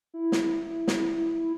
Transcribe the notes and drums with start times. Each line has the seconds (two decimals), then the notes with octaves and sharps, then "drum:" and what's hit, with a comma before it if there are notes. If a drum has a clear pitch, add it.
0.14 E4
0.32 drum: snare
0.88 drum: snare